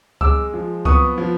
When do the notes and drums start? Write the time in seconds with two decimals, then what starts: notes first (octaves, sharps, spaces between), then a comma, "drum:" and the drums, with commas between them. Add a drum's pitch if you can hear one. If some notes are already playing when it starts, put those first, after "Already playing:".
0.21 G#3 D6 E6, drum: kick C#2
0.54 F3
0.85 B3 C#6 D#6, drum: kick C#2
1.18 F3